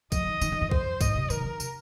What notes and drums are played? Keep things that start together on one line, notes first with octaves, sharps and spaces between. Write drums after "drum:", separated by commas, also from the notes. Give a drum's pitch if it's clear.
F3 D#5, drum: kick B1, tambourine
D#3
D#3, drum: tambourine
D#3
F2
C5, drum: kick B1
G#2 D#5, drum: kick B1, tambourine
C3
F3
D#3 A#4, drum: tambourine
C3
D#3
C3, drum: tambourine